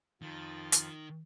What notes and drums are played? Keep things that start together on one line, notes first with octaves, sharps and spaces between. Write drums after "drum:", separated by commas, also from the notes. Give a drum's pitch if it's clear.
F2 D#3 F3 A6
drum: hi-hat